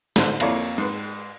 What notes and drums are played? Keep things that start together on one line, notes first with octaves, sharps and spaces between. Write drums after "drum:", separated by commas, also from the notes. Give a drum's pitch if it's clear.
A1 D3 A4 C5 F#6, drum: snare
F2 A#3 E4 A4 C#5 D5, drum: cymbal
G#2 B4